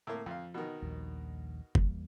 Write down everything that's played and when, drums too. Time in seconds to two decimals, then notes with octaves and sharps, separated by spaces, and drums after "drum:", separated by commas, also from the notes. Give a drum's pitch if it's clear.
0.07 A2 A#3
0.26 F2 F3 F5
0.54 B2 D#3
0.82 A#1 D#2 G3
1.75 E2 G3 A#3, drum: kick